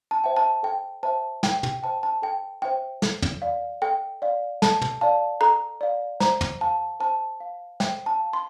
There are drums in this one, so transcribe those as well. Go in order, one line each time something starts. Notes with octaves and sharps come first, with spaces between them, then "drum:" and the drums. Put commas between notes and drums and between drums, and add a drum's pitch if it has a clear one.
A5
C5 E5 G5
A5
A4 G5
C5 E5 G5 A5
A4 G5, drum: snare
G5, drum: tom
C5 E5 G5 A5
A5
A4 G5
C5 E5 G5
A4, drum: snare
drum: tom
D5 F5
A4 G5
D5 F5
A4 A5, drum: snare
drum: tom
D5 F5 A5
A4 A#5
D5 F5
C5 A#5, drum: snare
drum: tom
F5 A5
C5 A5
F5
C5 G5, drum: snare
A5
F5
C6